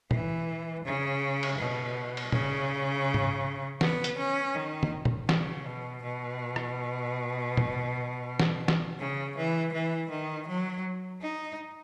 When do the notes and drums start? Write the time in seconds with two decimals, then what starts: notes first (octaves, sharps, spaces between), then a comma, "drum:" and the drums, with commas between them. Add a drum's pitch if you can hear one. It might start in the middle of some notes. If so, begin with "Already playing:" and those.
0.11 E3, drum: tom
0.85 C#3
1.43 drum: cymbal
1.59 B2
2.17 drum: cymbal
2.32 C#3, drum: tom
3.14 drum: tom G#2
3.81 B3, drum: snare
4.04 drum: hi-hat
4.18 C#4
4.55 D#3
4.83 drum: tom
5.05 drum: tom
5.29 C#3, drum: snare
5.66 B2
6.03 B2
6.56 drum: rim click
7.57 drum: tom
8.39 drum: snare
8.68 drum: snare
8.99 C#3
9.36 E3
9.73 E3
10.10 D#3
10.47 F#3
11.22 D#4